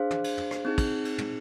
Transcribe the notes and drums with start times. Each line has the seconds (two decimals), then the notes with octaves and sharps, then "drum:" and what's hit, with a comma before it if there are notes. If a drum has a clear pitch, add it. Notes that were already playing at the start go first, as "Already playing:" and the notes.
Already playing: D4 G#4 C5 F5
0.11 drum: tom
0.24 drum: cymbal
0.37 drum: tom
0.51 drum: rim click
0.65 C4 D#4 G#4
0.78 drum: kick, cymbal
1.05 drum: cymbal
1.18 drum: tom